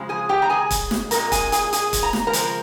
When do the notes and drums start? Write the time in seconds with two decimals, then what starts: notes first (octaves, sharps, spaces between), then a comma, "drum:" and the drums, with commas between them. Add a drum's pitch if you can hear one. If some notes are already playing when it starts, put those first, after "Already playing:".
Already playing: C#3 F3 G#3 C4
0.09 G#4 G#5
0.29 G4 G5
0.42 A#5
0.50 G#4 G#5
0.71 drum: kick, hi-hat
0.91 drum: snare
1.11 A#2 G#3 C4 A#4 A#5, drum: hi-hat
1.32 G#4 G#5, drum: kick, hi-hat
1.52 G#4 G#5, drum: hi-hat
1.73 G#4 G#5, drum: hi-hat
1.93 drum: kick, hi-hat
2.03 A#5
2.13 drum: snare
2.27 A#4 A#5
2.33 C#3 F3 G#3 C4, drum: hi-hat